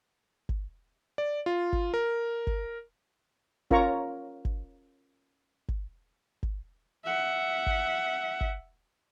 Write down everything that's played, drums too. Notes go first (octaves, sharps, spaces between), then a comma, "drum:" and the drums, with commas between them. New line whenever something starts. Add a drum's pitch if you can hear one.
drum: kick G1
D5
F4
drum: kick G1
A#4
drum: kick G1
C#4 F4 A#4 C#5 A#5 C#6, drum: kick G1
drum: kick G1
drum: kick G1
drum: kick G1
E5 F#5
drum: kick G1
drum: kick G1